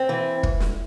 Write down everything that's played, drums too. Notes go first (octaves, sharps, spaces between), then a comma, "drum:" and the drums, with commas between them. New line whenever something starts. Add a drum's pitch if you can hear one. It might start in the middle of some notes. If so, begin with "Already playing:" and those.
Already playing: C4
E3
drum: kick
drum: snare